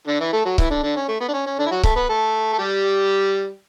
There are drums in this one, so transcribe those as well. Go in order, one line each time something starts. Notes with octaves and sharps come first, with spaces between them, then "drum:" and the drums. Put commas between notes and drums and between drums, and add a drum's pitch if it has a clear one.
D3 D4
E3 E4
A3 A4
F#3 F#4
E3 E4, drum: kick C#1
D3 D4
D3 D4
C#4
A3
B3
D4
C#4
C#4
D3 D4
E4
F#3 F#4
A3 A4, drum: kick C#1
B3 B4
A3 A4
A4
G3 G4